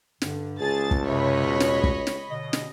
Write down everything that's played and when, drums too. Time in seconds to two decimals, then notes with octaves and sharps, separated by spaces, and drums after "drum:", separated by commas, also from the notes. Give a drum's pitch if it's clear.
0.22 G2 D3, drum: snare
0.60 C#2 G#4 A5 A6
0.91 drum: kick
1.06 F#2 C3 C#5 D#5 B5
1.45 E2 B2
1.60 drum: snare
1.84 drum: kick
2.07 drum: snare
2.31 B2 D3 D#5
2.53 drum: snare